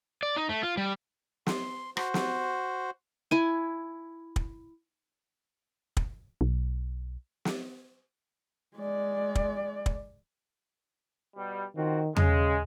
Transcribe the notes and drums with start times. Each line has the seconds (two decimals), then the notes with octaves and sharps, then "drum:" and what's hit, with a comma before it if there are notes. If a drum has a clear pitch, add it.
0.23 D5
0.36 D#4
0.49 A3
0.63 F4
0.77 G3
1.47 C6, drum: snare
1.97 F#4 C5, drum: rim click
2.14 drum: snare
3.31 E4 G#5
4.36 drum: kick
5.97 drum: kick
6.41 B1
7.45 drum: snare
8.76 G#3 D5
9.35 drum: kick
9.86 drum: kick
11.37 B2 G3
11.77 D#3 C4 F4 F#4
12.16 C#3 G#3, drum: tom E2